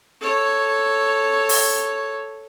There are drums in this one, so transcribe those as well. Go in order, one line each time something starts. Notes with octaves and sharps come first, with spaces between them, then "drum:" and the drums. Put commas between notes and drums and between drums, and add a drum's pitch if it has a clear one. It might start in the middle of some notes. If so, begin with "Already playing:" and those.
A4 C#5
drum: open hi-hat